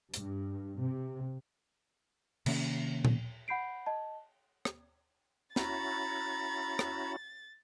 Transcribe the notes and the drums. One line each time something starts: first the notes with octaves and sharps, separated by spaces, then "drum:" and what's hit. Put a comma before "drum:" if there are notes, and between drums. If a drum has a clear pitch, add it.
G2, drum: hi-hat
C3
C3 D#3 A#3 C#4, drum: cymbal
drum: tom A#2
F#5 B5 G6 C7 D7
D#5 A5
drum: rim click
C#4 E4 F#4 A#5 B5 A6, drum: snare
drum: rim click